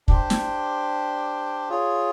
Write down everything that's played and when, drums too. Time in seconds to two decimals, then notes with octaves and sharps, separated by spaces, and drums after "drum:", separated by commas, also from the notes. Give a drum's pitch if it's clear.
0.08 D4 G4 C5, drum: kick
0.30 drum: snare
1.69 F4 G#4 C#5